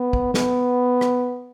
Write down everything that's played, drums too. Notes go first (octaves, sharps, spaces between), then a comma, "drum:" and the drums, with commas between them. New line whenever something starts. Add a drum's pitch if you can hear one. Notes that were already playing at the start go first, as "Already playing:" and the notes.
Already playing: B3
drum: kick
B3, drum: snare
drum: rim click